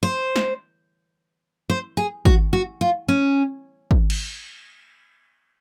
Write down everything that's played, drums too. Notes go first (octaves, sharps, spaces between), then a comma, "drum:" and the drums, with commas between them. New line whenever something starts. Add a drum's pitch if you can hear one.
C5
drum: snare
C5
G#4
F#4, drum: kick
F#4
F4
C#4
drum: kick
drum: cymbal